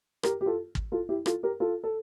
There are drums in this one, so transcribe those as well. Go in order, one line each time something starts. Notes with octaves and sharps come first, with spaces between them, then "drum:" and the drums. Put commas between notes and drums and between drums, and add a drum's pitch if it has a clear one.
G4 A#4, drum: rim click
G4
F4 A4
drum: kick
F4 A4
E4 G4
F4 A4, drum: rim click
G4 A#4
F4 A4
A4